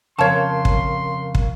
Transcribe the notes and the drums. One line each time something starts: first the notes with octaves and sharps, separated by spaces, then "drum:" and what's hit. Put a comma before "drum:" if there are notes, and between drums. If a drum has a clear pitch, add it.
F2 C#3 A#4 C#5 F5 A5 C6 C#6
drum: kick
drum: kick